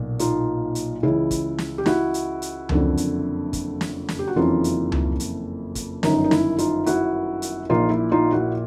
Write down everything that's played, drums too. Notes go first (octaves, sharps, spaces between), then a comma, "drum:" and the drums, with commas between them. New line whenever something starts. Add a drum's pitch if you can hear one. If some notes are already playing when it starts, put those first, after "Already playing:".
Already playing: B1 A#2
D#4 F4, drum: hi-hat
drum: hi-hat
C#2 C#3 E3 E4
drum: kick, hi-hat
drum: snare
G4
E4 F#4, drum: snare
drum: hi-hat
drum: hi-hat
F#1 F2 D3, drum: tom C#2
drum: hi-hat
drum: kick, hi-hat
drum: snare
drum: snare
G4
F#4
F#1 F2 C#3 E3 D#4 F4
drum: hi-hat
drum: tom C#2
drum: hi-hat
drum: kick, hi-hat
G1 F#2 D#3 D#4, drum: snare
D#4
E4, drum: snare
D#4 F4, drum: hi-hat
E4 F#4, drum: hi-hat
drum: hi-hat
A#1 A#2 D#4 F4
E4
D#4 F4
E4 F#4